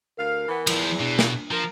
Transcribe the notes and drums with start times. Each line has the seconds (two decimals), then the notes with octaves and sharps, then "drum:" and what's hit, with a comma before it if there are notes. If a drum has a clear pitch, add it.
0.17 D2 A#4 F5
0.48 E3 B3
0.67 E2 F3 E4, drum: cymbal
1.00 B2 D4
1.19 drum: snare
1.51 F3 A#4